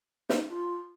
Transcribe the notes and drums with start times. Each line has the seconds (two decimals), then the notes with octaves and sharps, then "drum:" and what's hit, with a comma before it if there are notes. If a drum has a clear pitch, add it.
0.29 C#4, drum: snare
0.34 D#4
0.49 F4